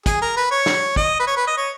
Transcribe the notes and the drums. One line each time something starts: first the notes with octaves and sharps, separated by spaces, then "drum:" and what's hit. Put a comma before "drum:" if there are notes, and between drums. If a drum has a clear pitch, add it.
G#4, drum: kick, hi-hat
A#4
B4
C#5
drum: snare
D#5, drum: kick
B4
C#5
B4
D#5
C#5